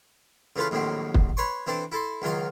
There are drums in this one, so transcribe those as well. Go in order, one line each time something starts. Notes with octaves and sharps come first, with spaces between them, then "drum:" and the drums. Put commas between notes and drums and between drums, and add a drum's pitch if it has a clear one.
C#3 E3 A3 F4 B4
A#1 D#2 A2 F#3 C4
drum: kick
B4 C#5 C6 C#6
E3 C4 D4 A4
E4 A4 C6
C#2 D#3 F#3 F4 C6